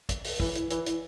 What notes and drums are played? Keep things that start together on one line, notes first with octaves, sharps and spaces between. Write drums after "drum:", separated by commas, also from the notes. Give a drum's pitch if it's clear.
drum: kick, hi-hat
drum: open hi-hat
E3, drum: kick
drum: hi-hat
E3, drum: hi-hat
drum: hi-hat